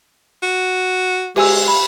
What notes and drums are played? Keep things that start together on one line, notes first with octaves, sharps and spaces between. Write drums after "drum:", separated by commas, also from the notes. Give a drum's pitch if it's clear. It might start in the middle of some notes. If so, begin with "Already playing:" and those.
F#4
G#3 G4 G#5 E6, drum: cymbal
B5